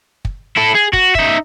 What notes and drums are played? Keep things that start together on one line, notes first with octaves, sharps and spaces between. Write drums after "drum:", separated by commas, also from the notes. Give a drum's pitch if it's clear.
drum: kick
E4 A4
G#4
F#4, drum: kick
D#4 E5, drum: kick